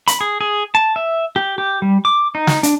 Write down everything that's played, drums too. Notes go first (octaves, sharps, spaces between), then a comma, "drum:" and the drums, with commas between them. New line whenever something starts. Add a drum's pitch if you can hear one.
B5, drum: hi-hat
G#4
G#4
A5
E5
G4
G4
G3
D6
D#4
drum: snare
D4, drum: hi-hat